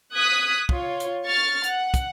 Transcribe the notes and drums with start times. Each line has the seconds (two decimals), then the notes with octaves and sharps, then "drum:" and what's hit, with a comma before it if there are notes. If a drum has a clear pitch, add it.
0.15 D#6 F#6 G#6 B6
0.69 F4 C#5, drum: kick
1.00 drum: hi-hat
1.26 C#6 F6 A6
1.64 F#5, drum: hi-hat
1.94 drum: kick, hi-hat